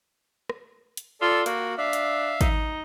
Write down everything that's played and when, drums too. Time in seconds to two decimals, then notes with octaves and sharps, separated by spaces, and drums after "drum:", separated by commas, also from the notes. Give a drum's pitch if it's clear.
0.50 drum: rim click
0.97 drum: hi-hat
1.21 F4 A4 D5 E6
1.46 A#3 F#4 F#5, drum: hi-hat
1.78 D4 E5 F5
1.93 drum: hi-hat
2.41 D#4, drum: kick, hi-hat